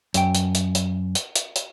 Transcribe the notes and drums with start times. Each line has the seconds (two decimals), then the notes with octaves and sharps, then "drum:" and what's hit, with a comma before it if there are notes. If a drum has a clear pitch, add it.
0.14 F#2 G5, drum: hi-hat
0.35 drum: hi-hat
0.55 drum: hi-hat
0.75 drum: hi-hat
1.15 drum: hi-hat
1.36 drum: hi-hat
1.56 drum: hi-hat